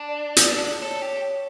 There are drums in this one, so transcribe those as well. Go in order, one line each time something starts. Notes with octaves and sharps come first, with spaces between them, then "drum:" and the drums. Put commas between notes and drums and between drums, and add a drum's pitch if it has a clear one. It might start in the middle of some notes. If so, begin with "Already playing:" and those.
Already playing: D4
D5
drum: hi-hat
D5
A4 C#5
G4